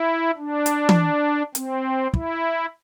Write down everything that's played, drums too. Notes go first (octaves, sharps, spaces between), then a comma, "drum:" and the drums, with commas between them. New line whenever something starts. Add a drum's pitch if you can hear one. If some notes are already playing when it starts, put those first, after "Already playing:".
Already playing: E4
D4
drum: hi-hat
drum: tom E3
C4, drum: hi-hat
E4, drum: kick